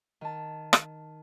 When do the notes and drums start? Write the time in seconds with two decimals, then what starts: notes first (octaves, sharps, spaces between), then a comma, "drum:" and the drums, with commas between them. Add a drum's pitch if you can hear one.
0.21 D#3 A5
0.73 drum: rim click